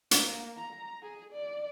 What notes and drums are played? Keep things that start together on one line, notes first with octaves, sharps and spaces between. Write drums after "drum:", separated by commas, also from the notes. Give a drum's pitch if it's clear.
A#3, drum: hi-hat
A#5
G#4
D5